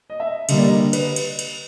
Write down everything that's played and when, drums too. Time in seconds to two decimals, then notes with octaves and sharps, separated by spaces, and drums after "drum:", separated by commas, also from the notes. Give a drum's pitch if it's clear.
0.10 D#5
0.20 E5
0.49 D3 G3 A#3 D#5, drum: cymbal
0.58 D5
0.68 D#5
0.79 D#5
0.93 B4, drum: cymbal
1.16 drum: cymbal
1.39 drum: cymbal